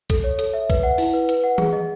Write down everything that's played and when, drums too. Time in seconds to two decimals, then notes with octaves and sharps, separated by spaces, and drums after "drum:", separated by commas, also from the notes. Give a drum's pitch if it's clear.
0.10 A4, drum: kick B1, hi-hat
0.24 C#5
0.39 A4, drum: hi-hat
0.54 E5
0.70 B4, drum: kick B1, hi-hat
0.83 F#5
0.98 E4, drum: open hi-hat
1.14 B4
1.29 B4, drum: hi-hat
1.44 F#5
1.58 G#4, drum: tom E3
1.73 D#5